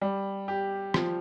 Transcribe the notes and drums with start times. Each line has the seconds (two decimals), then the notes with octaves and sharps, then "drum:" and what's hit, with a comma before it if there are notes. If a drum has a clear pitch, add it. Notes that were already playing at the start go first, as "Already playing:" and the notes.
0.01 G3
0.48 G4
0.94 F3, drum: rim click